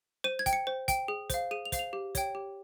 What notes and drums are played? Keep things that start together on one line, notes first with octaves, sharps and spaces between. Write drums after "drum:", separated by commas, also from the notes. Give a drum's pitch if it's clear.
C5 D#7
G#6
G5, drum: kick, hi-hat
C#7
C5
G5, drum: kick, hi-hat
G#4
C5 F5, drum: kick, hi-hat
G#4 D#7
F7
C5 F5, drum: kick, hi-hat
F7
G4
C#5 G5, drum: kick, hi-hat
G4